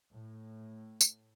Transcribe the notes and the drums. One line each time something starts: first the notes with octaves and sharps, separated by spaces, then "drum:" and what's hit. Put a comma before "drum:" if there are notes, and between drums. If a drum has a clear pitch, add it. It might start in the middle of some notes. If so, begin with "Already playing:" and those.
A2
drum: tambourine